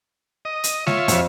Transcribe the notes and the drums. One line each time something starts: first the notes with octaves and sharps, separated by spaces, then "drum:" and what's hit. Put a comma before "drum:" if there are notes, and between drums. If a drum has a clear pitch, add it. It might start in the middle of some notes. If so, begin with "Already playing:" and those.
D#5
drum: hi-hat
F4 C#5 E5, drum: snare G#3
F2 G#2, drum: hi-hat